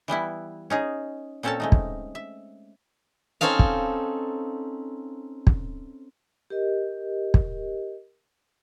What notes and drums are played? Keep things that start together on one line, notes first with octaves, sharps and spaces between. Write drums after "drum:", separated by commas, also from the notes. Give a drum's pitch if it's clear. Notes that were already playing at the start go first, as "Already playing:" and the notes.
E3 G3 B3 E4
C#4 D#4 G#4
A#2 C4 C#4 A4 C#5 A5
G#3 A3 D#4
drum: kick
E5
C4 C#4 D#4 A4 F5
drum: kick
drum: kick
G4 A#4 D#5
drum: kick